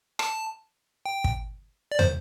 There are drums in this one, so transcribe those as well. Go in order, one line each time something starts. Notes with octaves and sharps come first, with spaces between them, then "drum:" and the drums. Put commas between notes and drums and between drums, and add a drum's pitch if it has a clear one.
A5, drum: rim click
G5
drum: kick
D5
C5, drum: tom